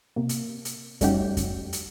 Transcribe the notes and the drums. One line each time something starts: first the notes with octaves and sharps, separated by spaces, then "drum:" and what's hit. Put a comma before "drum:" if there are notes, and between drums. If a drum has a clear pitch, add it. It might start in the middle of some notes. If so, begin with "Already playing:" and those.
C3 A#3
drum: hi-hat
drum: hi-hat
G3 A3 C#4 D#4 F#4 G4, drum: kick F2, hi-hat
drum: kick F2, hi-hat
drum: hi-hat